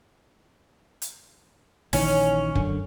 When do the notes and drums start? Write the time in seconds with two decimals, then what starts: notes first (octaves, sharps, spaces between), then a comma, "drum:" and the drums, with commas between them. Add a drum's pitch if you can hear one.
1.02 drum: hi-hat
1.93 A#1 D#3 E3 C#4, drum: open hi-hat
2.55 F#2 D3, drum: kick